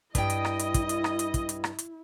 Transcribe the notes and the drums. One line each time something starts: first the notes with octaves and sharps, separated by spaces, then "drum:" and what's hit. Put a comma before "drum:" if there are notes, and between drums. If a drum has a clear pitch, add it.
G2 E4 D#5 G5, drum: kick, hi-hat
drum: hi-hat
drum: rim click
drum: hi-hat
drum: kick, hi-hat
drum: hi-hat
drum: rim click
drum: hi-hat
drum: kick, hi-hat
drum: hi-hat
drum: rim click
drum: hi-hat